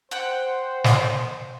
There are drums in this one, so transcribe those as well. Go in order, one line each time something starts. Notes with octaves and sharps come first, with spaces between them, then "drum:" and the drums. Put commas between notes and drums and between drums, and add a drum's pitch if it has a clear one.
C5 F#5 G5
drum: snare